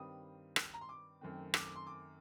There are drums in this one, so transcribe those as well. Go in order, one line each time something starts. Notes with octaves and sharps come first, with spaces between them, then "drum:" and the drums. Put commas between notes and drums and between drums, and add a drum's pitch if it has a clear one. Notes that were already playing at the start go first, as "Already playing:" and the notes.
Already playing: G2 D#3 G3 C4 D#6
drum: rim click
A#5
C6
D6
F#2 D#3 A3 C4
D6, drum: rim click
D6
C6
D6